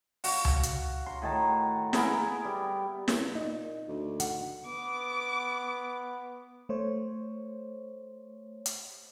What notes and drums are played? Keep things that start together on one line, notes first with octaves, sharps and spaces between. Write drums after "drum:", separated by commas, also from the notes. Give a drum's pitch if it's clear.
F#4 F5, drum: open hi-hat
drum: tom C#2
drum: hi-hat
C6
A2 D#3 A5
B3 E4 G#4 A#4, drum: snare
G3
A#2, drum: snare
D#4
D2
F#5, drum: hi-hat
B3 D6
A3 C5 C#5
drum: hi-hat